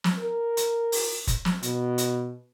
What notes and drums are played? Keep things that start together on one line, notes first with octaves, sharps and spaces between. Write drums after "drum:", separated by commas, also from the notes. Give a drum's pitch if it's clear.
drum: snare
A#4
drum: hi-hat
drum: open hi-hat
drum: kick F1, hi-hat
drum: snare
B2, drum: hi-hat
drum: hi-hat